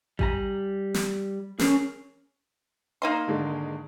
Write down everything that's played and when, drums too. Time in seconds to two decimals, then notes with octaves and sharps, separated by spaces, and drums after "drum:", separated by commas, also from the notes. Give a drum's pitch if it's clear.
0.19 G3 G#5 A#5, drum: kick A1
0.94 drum: snare
1.59 C#4 G#4 A#4, drum: snare
3.02 A#3 D#4 C6
3.27 G#1 D3 G#3